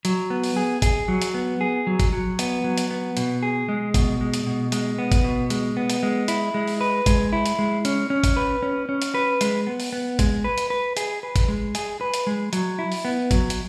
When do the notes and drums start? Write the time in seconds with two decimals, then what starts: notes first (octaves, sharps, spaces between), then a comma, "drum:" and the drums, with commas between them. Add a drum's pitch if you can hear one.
0.05 F#3, drum: hi-hat
0.30 B3
0.44 drum: open hi-hat
0.56 G#4
0.82 G#4, drum: kick G#1, hi-hat
1.08 F#3
1.22 drum: hi-hat
1.34 B3
1.61 G#4
1.87 F#3
2.00 drum: kick G#1, hi-hat
2.13 F#3
2.39 B3, drum: hi-hat
2.64 F#3
2.78 drum: hi-hat
2.91 B3
3.17 B2, drum: hi-hat
3.43 G#4
3.69 G#3
3.94 B2, drum: kick G#1, hi-hat
4.21 G#3
4.34 drum: hi-hat
4.47 B2
4.72 G#3, drum: hi-hat
4.98 B3
5.12 drum: kick G#1, hi-hat
5.24 B2
5.50 G#3, drum: hi-hat
5.77 B3
5.90 drum: hi-hat
6.03 G#3
6.28 E4, drum: hi-hat
6.54 G#3
6.68 drum: open hi-hat
6.81 B4
7.06 G#3, drum: kick G#1, hi-hat
7.33 E4
7.46 drum: hi-hat
7.59 G#3
7.85 C#4, drum: hi-hat
8.10 C#4
8.24 drum: kick G#1, hi-hat
8.37 B4
8.63 C#4
8.89 C#4
9.02 drum: hi-hat
9.14 B4
9.41 G#3, drum: hi-hat
9.67 B3
9.80 drum: open hi-hat
9.93 B3
10.19 G#3, drum: kick G#1, hi-hat
10.44 B4
10.58 drum: hi-hat
10.70 B4
10.97 G#4, drum: hi-hat
11.23 B4
11.36 drum: kick G#1, hi-hat
11.48 G#3
11.75 G#4, drum: hi-hat
12.01 B4
12.14 drum: hi-hat
12.27 G#3
12.53 F#3, drum: hi-hat
12.79 E4
12.92 drum: open hi-hat
13.05 B3
13.31 F#3, drum: kick G#1, hi-hat
13.50 drum: hi-hat